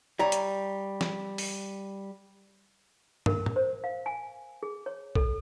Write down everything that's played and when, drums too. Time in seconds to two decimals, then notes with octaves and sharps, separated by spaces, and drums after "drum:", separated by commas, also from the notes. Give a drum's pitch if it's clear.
0.19 G3 C#5 A#5
0.32 drum: hi-hat
1.01 drum: snare
1.38 drum: open hi-hat
3.26 A#4, drum: tom
3.46 drum: tom A2
3.56 C5
3.84 F5
4.06 G#5
4.63 G#4
4.86 C#5
5.15 A4, drum: kick A#1